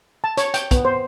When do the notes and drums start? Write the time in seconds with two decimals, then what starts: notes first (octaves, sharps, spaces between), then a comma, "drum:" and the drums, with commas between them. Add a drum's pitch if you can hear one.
0.24 A5
0.37 C#5, drum: hi-hat
0.54 G5, drum: hi-hat
0.71 B3, drum: kick, hi-hat
0.85 C5